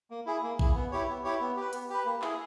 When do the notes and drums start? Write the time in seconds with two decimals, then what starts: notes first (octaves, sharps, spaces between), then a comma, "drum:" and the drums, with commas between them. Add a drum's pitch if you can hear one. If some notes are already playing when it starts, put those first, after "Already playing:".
0.10 A#3
0.26 E4 G#4
0.43 A#3
0.59 E4 G#4, drum: kick A#1
0.75 B3
0.92 E4 G4 C#5
1.08 B3
1.24 E4 G4 C#5
1.41 B3
1.57 G4 B4
1.73 B3, drum: hi-hat
1.90 G4 B4
2.05 A#3
2.22 E4 G#4, drum: clap